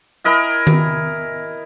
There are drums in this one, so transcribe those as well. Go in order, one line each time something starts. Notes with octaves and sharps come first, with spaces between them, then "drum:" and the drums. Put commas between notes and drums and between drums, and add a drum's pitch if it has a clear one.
E4 A#4 D#5 G#5
drum: tom D#3